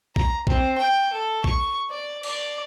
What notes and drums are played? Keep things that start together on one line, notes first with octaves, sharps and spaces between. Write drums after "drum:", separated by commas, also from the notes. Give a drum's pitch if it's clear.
A#5, drum: kick
C4, drum: kick
G5
A4
C#6, drum: kick
D5
D5, drum: cymbal